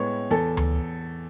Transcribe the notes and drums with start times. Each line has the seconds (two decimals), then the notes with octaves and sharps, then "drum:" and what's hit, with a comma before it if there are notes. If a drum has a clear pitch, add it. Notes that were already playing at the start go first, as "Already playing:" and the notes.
Already playing: A2 G#3 B3 C#5
0.31 E2 A4
0.57 drum: tom D2